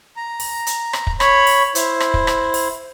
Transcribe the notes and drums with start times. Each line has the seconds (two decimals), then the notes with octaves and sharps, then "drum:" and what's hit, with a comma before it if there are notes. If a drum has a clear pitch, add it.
0.16 A#5
0.40 drum: open hi-hat
0.67 drum: hi-hat
0.93 drum: rim click
1.07 drum: kick
1.20 C#5 B5, drum: rim click
1.47 drum: open hi-hat
1.75 E4 C5, drum: hi-hat
2.00 drum: rim click
2.14 drum: kick
2.27 drum: rim click
2.54 drum: open hi-hat